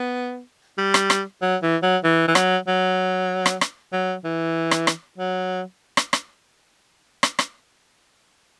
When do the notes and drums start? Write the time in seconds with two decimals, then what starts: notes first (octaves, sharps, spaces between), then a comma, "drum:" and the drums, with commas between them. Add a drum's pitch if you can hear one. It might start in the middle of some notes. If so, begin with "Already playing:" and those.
Already playing: B3
0.78 G3
0.94 drum: rim click
1.10 drum: rim click
1.42 F#3
1.62 E3
1.83 F#3
2.04 E3
2.28 E3
2.35 F#3, drum: rim click
2.68 F#3
3.46 drum: rim click
3.61 drum: rim click
3.93 F#3
4.24 E3
4.71 drum: rim click
4.87 drum: rim click
5.18 F#3
5.97 drum: rim click
6.13 drum: rim click
7.23 drum: rim click
7.39 drum: rim click